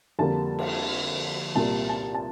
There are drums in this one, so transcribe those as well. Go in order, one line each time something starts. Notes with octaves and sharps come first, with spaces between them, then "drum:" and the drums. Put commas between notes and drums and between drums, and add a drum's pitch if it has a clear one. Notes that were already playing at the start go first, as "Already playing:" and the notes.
F2 D3 G3 A#3 A5
drum: cymbal
C2 A#2 G3 A#3 A5
A5
A5